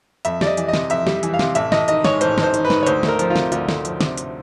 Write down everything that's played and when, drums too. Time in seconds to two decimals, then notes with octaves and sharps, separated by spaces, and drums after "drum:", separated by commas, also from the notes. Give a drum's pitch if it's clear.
0.25 F2 E5, drum: hi-hat
0.41 G3 D5, drum: snare
0.47 D#5
0.57 E3, drum: hi-hat
0.68 D#5
0.74 C3, drum: snare
0.90 F2 E5, drum: hi-hat
1.07 G3, drum: snare
1.23 E3, drum: hi-hat
1.34 F5
1.39 C3, drum: snare
1.55 A1 E5, drum: hi-hat
1.72 A1 D#5, drum: snare
1.88 D#3 D#5, drum: hi-hat
2.04 G#2 C#5, drum: snare
2.21 A1 C5, drum: hi-hat
2.38 A1, drum: snare
2.43 C5
2.54 D#3, drum: hi-hat
2.65 B4
2.70 G#2, drum: snare
2.83 C#5
2.86 D2 C5, drum: hi-hat
3.03 A3, drum: snare
3.08 A#4
3.19 F3, drum: hi-hat
3.30 F4
3.36 C3, drum: snare
3.52 D2 F4, drum: hi-hat
3.69 A3, drum: snare
3.85 F3, drum: hi-hat
4.01 C3, drum: snare
4.18 drum: hi-hat